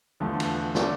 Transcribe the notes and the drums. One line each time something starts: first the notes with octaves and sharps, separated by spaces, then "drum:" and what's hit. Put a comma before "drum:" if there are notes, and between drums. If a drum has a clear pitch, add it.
E2 D3 F3 A3
drum: cymbal
D3 A3 D4, drum: snare